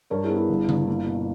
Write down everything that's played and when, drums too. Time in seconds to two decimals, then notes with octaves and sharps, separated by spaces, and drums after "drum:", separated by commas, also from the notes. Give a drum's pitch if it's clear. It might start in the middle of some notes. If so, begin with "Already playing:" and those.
0.10 G2 A#4 C#5
0.24 E4 G#4
0.30 B3
0.36 E4 G#4
0.49 G1
0.69 G1, drum: tom C#3
0.87 A#3 E4
1.06 B2